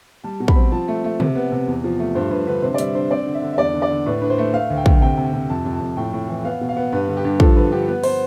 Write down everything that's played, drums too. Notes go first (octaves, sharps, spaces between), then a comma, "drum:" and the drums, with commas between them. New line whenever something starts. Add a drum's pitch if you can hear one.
G3 A5
B2
B5, drum: kick
C4
F3 A5
A3
A3
C3, drum: tom
B3
C3
E2
F3
A3
G2 C5
G2 B4
D3 B4
C3 C5
D5
G3 E5, drum: hi-hat
D4 C5
C4 D5
D3
E5
D3
E5
E2 D5
D3
D5
D3
A2 B4
D4 B4
C5
A3
A3 F5
D2
G5
D2, drum: kick
C3 G5
C3
G5
C3
F2 A5
F2
A5
F2
A2 G5
A2
E3
B3 F5
B2
F5
B3
G2 B4
D3
G4
G2
F3 A4, drum: kick
D3 B4
D3 G4
B3 B4
B3 C5, drum: open hi-hat